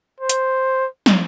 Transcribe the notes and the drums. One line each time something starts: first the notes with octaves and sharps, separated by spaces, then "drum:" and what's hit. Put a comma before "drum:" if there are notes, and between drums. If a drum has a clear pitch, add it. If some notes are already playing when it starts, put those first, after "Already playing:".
C5
drum: hi-hat
drum: snare